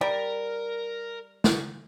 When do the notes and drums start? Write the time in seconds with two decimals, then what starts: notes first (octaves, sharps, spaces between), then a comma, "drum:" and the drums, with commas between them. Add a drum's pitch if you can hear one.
0.01 G3 A#4
1.44 drum: snare